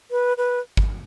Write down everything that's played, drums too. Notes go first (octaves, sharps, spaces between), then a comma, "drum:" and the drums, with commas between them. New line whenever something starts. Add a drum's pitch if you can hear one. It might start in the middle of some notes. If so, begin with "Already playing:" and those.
B4
B4
drum: kick G#1